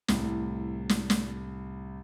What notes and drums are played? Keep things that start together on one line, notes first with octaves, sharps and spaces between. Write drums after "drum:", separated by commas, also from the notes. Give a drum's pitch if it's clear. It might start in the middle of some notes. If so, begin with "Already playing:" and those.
C2 A2, drum: snare
drum: snare
drum: snare